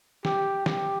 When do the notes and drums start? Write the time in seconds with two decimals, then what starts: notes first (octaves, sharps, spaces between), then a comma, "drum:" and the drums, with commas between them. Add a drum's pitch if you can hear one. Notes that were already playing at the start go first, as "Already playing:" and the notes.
0.25 G4, drum: snare
0.66 G4, drum: snare